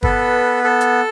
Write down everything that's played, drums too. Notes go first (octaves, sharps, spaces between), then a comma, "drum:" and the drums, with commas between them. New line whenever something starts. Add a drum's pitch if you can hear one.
B3 A4 B4, drum: kick
A4
drum: hi-hat